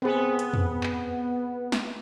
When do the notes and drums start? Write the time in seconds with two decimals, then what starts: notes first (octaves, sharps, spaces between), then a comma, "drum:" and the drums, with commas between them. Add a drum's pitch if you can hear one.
0.02 B3 C4 G#4
0.39 drum: hi-hat
0.53 drum: tom
0.83 drum: clap
1.72 drum: snare